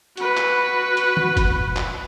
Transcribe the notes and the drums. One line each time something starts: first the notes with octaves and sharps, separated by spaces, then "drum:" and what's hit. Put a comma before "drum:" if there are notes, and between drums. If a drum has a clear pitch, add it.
F#4 B4, drum: hi-hat
drum: clap
drum: hi-hat
drum: tom
drum: kick, hi-hat
drum: clap